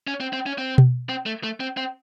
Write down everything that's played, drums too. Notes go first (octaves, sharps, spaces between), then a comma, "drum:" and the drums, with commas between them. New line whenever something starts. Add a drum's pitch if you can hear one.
C#4
C4
C4
C#4
C4
drum: tom B2
C4
A3
A3
C4
C4